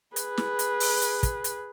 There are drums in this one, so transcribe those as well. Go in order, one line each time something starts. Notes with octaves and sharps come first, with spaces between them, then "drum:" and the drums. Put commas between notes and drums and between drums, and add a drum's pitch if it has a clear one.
G#4 B4, drum: hi-hat
drum: snare
drum: hi-hat
drum: open hi-hat
drum: hi-hat
drum: kick, hi-hat
drum: hi-hat